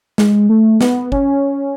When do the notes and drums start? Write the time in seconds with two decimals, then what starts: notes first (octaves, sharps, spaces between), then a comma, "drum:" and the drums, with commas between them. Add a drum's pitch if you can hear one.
0.18 G#3, drum: snare
0.49 A3
0.81 B3, drum: snare
1.12 C#4, drum: kick